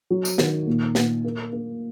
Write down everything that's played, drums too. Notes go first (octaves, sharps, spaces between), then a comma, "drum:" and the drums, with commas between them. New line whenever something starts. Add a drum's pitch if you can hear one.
F#3
drum: tambourine
D#3, drum: snare
A#2
A#2, drum: snare
A#3
A#3